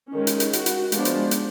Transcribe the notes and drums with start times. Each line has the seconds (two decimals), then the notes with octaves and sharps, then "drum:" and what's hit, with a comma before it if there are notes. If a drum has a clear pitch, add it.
0.14 D#3 G#3 C#4
0.27 drum: hi-hat
0.40 drum: hi-hat
0.53 F#4, drum: hi-hat
0.66 drum: hi-hat
0.92 F3 G#3 B3 D4, drum: hi-hat
1.05 drum: hi-hat
1.31 drum: hi-hat